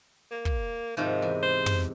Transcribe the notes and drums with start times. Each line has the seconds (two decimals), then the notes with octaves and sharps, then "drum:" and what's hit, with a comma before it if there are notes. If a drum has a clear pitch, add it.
0.31 A#3
0.45 drum: kick
0.97 G#2 C3 D#3 F3
1.22 E2
1.43 C5
1.66 drum: tom